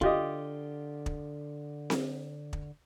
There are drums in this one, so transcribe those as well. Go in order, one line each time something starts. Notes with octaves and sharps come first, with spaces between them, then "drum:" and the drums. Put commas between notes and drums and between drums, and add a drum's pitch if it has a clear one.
D3 F4 G4 D#5, drum: kick
drum: kick
drum: snare C4
drum: kick